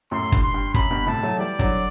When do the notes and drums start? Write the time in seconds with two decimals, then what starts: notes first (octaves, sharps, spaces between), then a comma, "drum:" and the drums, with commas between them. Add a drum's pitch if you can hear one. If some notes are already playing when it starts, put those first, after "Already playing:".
0.11 F#2 A2 C6
0.32 G2, drum: kick
0.43 C6
0.54 G2
0.74 F#2 B5, drum: kick
0.90 G2 B2
1.06 A2 C3 A5
1.22 F#3 A3
1.39 E3 G3 D5
1.59 D3 F#3, drum: kick